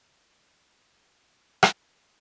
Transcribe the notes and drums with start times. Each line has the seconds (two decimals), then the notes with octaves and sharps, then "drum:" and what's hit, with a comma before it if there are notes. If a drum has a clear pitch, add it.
0.07 D#3
0.81 D5
1.63 drum: rim click